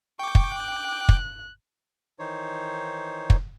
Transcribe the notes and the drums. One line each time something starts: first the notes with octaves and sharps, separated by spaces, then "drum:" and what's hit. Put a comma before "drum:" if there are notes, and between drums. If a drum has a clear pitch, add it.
G5 C#6 D6
drum: kick
F#6
drum: kick
D#3 E3 D#4 C5 C#5
drum: kick